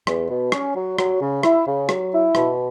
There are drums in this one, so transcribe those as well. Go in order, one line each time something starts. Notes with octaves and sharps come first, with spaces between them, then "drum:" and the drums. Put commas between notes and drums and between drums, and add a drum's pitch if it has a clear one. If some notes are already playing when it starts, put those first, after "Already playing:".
E2, drum: rim click
B2
C#4, drum: rim click
F#3
F#3, drum: rim click
C#3
E4, drum: rim click
C#3
F#3, drum: rim click
E4
B2, drum: rim click